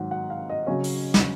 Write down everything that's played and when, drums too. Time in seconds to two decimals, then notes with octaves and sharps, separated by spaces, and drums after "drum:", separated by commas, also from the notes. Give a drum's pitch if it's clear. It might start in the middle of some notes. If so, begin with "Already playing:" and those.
Already playing: G#2 D#3 F#3 F#5
0.11 F#5
0.30 F5
0.49 D#5
0.67 C#3 F#3 C#4
0.84 drum: open hi-hat
1.14 drum: snare